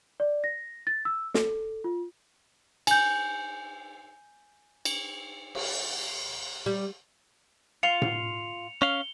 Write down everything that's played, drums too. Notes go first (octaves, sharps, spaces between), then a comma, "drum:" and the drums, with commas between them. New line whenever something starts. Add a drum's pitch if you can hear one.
D5
A#6
A6
E6
A4, drum: snare
F4
G#5 G6, drum: cymbal
drum: cymbal
drum: cymbal
G3
F4 C#7 F7
drum: tom A2
C#4 F5 G7